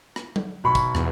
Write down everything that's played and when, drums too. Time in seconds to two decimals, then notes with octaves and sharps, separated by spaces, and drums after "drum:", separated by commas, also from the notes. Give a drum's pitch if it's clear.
0.16 drum: rim click
0.36 drum: tom F#3
0.64 B1 B5 C#6
0.75 drum: kick, tambourine
0.95 E2, drum: rim click